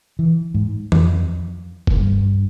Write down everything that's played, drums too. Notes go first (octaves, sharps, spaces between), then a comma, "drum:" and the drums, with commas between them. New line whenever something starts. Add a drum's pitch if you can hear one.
E3
G#2
F2, drum: tom D#3
drum: kick F#1
G2